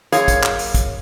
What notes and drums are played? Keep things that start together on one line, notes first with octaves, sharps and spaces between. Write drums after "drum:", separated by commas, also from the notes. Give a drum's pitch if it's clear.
F#2 A#3 G#4 C#5 F5 A#5, drum: hi-hat
drum: kick, hi-hat
drum: clap
drum: open hi-hat
drum: kick, hi-hat